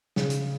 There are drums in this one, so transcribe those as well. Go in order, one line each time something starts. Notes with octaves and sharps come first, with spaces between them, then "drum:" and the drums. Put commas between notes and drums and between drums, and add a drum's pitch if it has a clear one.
C#3, drum: snare
drum: hi-hat